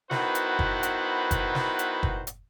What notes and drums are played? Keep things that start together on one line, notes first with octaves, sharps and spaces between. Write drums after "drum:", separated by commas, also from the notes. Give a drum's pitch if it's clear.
D#3 B3 E4 F#4 B4 C5, drum: snare
drum: hi-hat
drum: kick F#1
drum: hi-hat
drum: kick F#1, hi-hat
drum: snare
drum: hi-hat
drum: kick F#1
drum: hi-hat